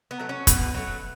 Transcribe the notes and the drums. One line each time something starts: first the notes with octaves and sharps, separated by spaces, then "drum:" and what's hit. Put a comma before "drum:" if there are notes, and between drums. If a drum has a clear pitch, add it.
B3
F#3 A3
C#4
B2 B4, drum: kick, hi-hat
F#3 A3